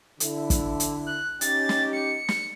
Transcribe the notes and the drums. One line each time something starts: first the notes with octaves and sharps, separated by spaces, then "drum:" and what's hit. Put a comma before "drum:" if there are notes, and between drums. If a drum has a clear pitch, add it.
D3 E4, drum: hi-hat
drum: kick, hi-hat
drum: hi-hat
F#6
C#4 D#4 G4 A6, drum: hi-hat
drum: snare
C#7
drum: snare